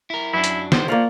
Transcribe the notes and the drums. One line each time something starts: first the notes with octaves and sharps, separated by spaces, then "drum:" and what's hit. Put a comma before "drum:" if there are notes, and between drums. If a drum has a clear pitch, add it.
E4 A#4
F#2 F#3 D4 E4
drum: hi-hat
C5, drum: snare
F3 A#3 D5 C#6